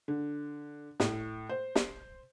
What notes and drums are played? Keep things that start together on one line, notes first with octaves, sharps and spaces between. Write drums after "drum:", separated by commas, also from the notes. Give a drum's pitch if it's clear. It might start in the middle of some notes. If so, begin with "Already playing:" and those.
D3
A2, drum: snare
C5
drum: snare